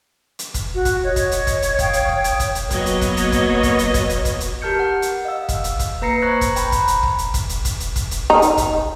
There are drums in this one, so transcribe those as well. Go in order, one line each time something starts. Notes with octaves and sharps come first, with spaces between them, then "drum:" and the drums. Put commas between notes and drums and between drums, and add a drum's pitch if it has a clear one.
drum: hi-hat
drum: kick, hi-hat
F#4
drum: kick, hi-hat
C#5 D#5
drum: kick, hi-hat
drum: hi-hat
drum: kick, hi-hat
drum: hi-hat
F5 G5 D#6, drum: kick, hi-hat
drum: hi-hat
drum: kick
drum: hi-hat
drum: kick, hi-hat
drum: hi-hat
F#3 A#3 B3 F#4 C#5 D#5, drum: kick, hi-hat
drum: hi-hat
drum: kick, hi-hat
drum: hi-hat
drum: kick, hi-hat
drum: kick, hi-hat
drum: hi-hat
drum: kick, hi-hat
drum: hi-hat
drum: kick, hi-hat
drum: hi-hat
G4 A#4 A5 F6 G6 C#7
F#5
drum: hi-hat
D#5 F5 E6
drum: kick, hi-hat
drum: hi-hat
drum: kick, hi-hat
A#3 B4 A#5 A#6 C7 C#7
C5 A#5 C#6 F#6 G#6 A#6
drum: kick, hi-hat
G5 A#5 B5, drum: hi-hat
drum: kick, hi-hat
drum: hi-hat
drum: kick
drum: hi-hat
drum: kick, hi-hat
drum: hi-hat
drum: kick, hi-hat
drum: hi-hat
drum: kick, hi-hat
drum: hi-hat
D#4
drum: hi-hat
drum: kick, hi-hat